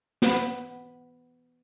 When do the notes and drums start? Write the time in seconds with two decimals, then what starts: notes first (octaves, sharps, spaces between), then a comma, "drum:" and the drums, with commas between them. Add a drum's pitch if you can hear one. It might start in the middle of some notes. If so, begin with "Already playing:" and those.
0.22 B3 B5, drum: snare